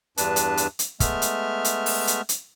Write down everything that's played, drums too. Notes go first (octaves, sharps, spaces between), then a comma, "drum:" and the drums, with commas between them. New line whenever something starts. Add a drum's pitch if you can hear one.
E2 G2 D4 B4 A5, drum: hi-hat
drum: hi-hat
drum: hi-hat
drum: hi-hat
G#3 A3 B3 E5 F6, drum: kick, hi-hat
drum: hi-hat
drum: hi-hat
drum: open hi-hat
drum: hi-hat
drum: hi-hat